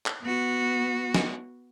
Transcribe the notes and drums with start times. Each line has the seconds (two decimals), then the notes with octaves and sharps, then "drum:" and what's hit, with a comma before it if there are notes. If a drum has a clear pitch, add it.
0.06 drum: clap
0.22 B3 F#4
1.14 drum: snare